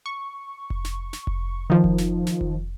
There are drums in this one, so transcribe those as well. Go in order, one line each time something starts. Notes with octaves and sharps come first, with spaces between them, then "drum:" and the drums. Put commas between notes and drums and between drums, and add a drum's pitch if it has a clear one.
C#6
drum: kick F1
drum: snare
drum: snare
drum: kick F1
D#3 F3
drum: kick F1
drum: snare
drum: snare
drum: kick F1